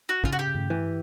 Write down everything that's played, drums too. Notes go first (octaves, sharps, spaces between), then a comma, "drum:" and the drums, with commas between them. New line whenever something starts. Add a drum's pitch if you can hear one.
F#4
C#3 F4, drum: kick
F#4
G4
drum: tom G2
E3